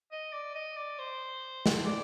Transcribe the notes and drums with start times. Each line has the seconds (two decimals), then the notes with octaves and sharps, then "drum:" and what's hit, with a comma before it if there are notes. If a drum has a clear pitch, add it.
0.12 D#5
0.33 D5
0.55 D#5
0.77 D5
0.99 C5
1.66 drum: snare
1.85 D5